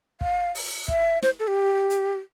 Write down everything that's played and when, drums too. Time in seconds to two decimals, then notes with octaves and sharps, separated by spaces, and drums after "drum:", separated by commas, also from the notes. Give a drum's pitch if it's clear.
0.21 F5, drum: kick
0.55 drum: open hi-hat
0.88 E5, drum: kick
1.22 C5, drum: snare
1.40 A4
1.48 G4
1.90 drum: hi-hat